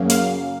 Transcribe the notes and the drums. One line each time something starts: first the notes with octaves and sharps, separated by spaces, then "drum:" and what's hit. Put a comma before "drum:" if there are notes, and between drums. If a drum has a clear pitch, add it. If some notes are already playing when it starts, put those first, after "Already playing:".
Already playing: F#2 C#3 F#3 A#3
F5, drum: hi-hat